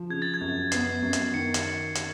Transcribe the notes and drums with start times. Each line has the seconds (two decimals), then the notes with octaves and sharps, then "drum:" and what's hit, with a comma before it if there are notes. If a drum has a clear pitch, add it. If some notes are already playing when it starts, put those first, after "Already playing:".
Already playing: F3
0.10 C#3 G#6
0.22 A6
0.34 G#6
0.41 F#2
0.72 B3 C7, drum: hi-hat
1.02 F#2
1.13 drum: hi-hat
1.34 D#3 C#7
1.54 drum: hi-hat
1.95 drum: hi-hat